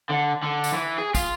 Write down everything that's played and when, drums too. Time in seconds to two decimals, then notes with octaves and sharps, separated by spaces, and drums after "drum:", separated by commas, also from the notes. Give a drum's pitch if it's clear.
0.09 D3
0.43 D3
0.64 drum: tambourine
0.73 E3
0.98 G#4
1.15 F4, drum: kick, tambourine